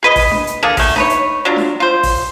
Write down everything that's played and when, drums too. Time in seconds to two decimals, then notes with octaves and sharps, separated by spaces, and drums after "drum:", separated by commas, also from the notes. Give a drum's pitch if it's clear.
0.03 G#4 B4 D#5
0.16 drum: kick A1, open hi-hat
0.31 drum: snare D4
0.47 drum: hi-hat
0.63 A#3 D4 G#4 A4, drum: tom
0.77 D3 A3, drum: kick A1, open hi-hat
0.96 D#4 B4 C#5, drum: snare D4
1.10 drum: hi-hat
1.45 F#3 D4 F4
1.56 drum: snare D4
1.80 F4 C5
2.03 drum: kick A1, open hi-hat